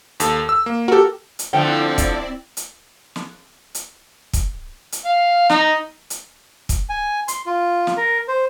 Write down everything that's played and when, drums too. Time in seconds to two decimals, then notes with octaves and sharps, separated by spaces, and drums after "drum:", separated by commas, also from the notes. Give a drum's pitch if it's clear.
0.20 D#2 A4, drum: hi-hat
0.49 E6
0.66 A#3
0.88 F#4 G4 A4 A#4
1.39 drum: hi-hat
1.53 D3 F3 A3 C4 E4 D5 G5
1.98 drum: kick, hi-hat
2.57 drum: hi-hat
3.16 drum: snare
3.75 drum: hi-hat
4.33 drum: kick, hi-hat
4.92 drum: hi-hat
5.06 F5
5.49 D#4, drum: snare
6.10 drum: hi-hat
6.69 drum: kick, hi-hat
6.89 G#5
7.28 C6, drum: hi-hat
7.46 F4
7.87 drum: snare
7.97 A#4
8.28 C5